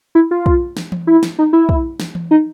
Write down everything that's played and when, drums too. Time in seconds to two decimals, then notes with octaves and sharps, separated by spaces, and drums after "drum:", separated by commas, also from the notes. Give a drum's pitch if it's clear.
0.15 E4
0.31 F4
0.46 drum: kick
0.77 drum: snare
0.92 drum: tom E3
1.07 E4
1.23 drum: snare
1.39 D#4
1.53 E4
1.69 drum: kick
2.00 drum: snare
2.15 drum: tom E3
2.31 D#4